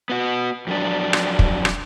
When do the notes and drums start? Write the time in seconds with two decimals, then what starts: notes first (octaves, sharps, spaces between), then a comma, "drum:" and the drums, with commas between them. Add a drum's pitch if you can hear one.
0.10 B3 F#4
0.67 F2 F#3 D4
1.13 drum: rim click
1.39 drum: kick
1.65 drum: rim click